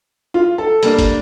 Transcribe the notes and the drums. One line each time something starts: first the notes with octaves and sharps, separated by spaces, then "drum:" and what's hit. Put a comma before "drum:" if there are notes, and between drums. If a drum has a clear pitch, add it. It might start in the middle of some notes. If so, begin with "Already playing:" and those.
F4
A4
G3 A#3 D4, drum: hi-hat
drum: kick, hi-hat